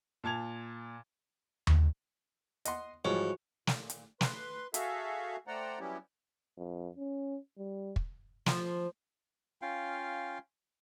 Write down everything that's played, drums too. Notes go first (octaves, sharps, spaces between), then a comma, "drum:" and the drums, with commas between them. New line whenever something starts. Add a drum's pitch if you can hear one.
A#2 A5 G#6 F7
drum: tom D#2
D#5 F#5 C6, drum: hi-hat
G#2 E3 F3 G3 F#4 C#5
A#2, drum: snare
drum: hi-hat
B4 C6, drum: snare
F#4 G#4 A4 E5 F5, drum: hi-hat
A3 C5 D5 F#5 G5 A#5
F#3 G3 B3 C#4 E4 G4
F2
C#4
G3
drum: kick
F3, drum: snare
C#4 F4 F5 G5